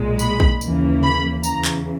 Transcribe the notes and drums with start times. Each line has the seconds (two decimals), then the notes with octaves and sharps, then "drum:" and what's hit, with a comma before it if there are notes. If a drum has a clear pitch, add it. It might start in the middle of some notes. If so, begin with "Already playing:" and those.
Already playing: B1 A#2 G#3
0.19 B5, drum: tambourine
0.40 drum: kick
0.61 D#2 C#3 E3 A#3, drum: tambourine
1.03 B5, drum: tom C3
1.43 E2 C#3 E3 A#5, drum: tambourine
1.65 drum: clap